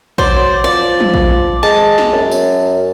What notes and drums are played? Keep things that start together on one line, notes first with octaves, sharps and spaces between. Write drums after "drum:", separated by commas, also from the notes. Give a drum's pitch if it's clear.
F#3 C5 D5, drum: kick A#1
F3 D5
drum: tom
drum: kick A#1
G#3 A5
drum: snare
F#2
drum: tambourine